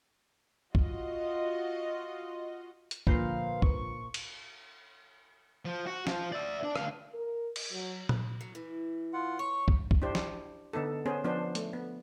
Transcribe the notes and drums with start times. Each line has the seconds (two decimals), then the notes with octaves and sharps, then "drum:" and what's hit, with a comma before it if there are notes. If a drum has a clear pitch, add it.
0.75 F4 F#4 D#5, drum: kick
2.91 drum: hi-hat
3.07 A#2 D3 F3 B4 C5 F5 G6, drum: kick
3.62 C#6, drum: kick
4.14 drum: cymbal
5.65 F3
5.86 F#4
6.07 F3 F4, drum: snare
6.32 D5 E5
6.63 D4 D5
6.76 D2 F5, drum: rim click
7.12 A#4
7.56 drum: cymbal
7.71 F#3
8.09 drum: tom A#2
8.41 F#3
8.55 E3
9.13 F4 F#5
9.39 C#5 C#6
9.68 drum: kick
9.91 drum: kick
10.02 D4 E4 G4 C5
10.15 drum: snare
10.73 D3 B3 D#4 A4
11.06 B3 C#4 G#4 C5
11.24 F3 B3 D4 C5
11.55 A3, drum: hi-hat
11.73 B3